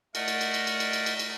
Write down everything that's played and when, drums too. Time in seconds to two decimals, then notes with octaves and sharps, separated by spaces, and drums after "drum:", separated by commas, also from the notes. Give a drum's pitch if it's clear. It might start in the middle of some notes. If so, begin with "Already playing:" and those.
0.15 A3 A#4 D5 D#5 F#5, drum: cymbal
0.28 drum: cymbal
0.41 drum: cymbal
0.54 drum: cymbal
0.67 drum: cymbal
0.80 drum: cymbal
0.93 drum: cymbal
1.06 drum: cymbal
1.19 drum: cymbal